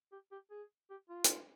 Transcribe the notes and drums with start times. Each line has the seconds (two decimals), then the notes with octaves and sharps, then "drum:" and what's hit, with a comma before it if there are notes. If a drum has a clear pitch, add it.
0.12 G4
0.32 G4
0.51 G#4
0.90 G4
1.09 F4
1.24 drum: hi-hat